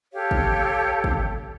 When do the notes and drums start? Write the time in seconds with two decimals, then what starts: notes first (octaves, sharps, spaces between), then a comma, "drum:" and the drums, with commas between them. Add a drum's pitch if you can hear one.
0.13 G4 A4 C#5 F5
0.31 drum: kick
1.04 drum: kick